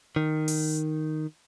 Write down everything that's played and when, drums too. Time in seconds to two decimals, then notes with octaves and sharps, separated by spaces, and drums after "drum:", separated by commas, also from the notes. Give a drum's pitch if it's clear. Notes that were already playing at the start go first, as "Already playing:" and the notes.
0.16 D#3
0.48 drum: open hi-hat